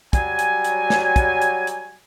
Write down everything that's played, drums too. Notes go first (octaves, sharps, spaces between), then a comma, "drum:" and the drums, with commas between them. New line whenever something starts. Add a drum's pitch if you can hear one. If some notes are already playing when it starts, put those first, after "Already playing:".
F#3 G3 G#5, drum: kick, hi-hat
drum: hi-hat
drum: hi-hat
drum: snare
drum: kick, hi-hat
drum: hi-hat
drum: hi-hat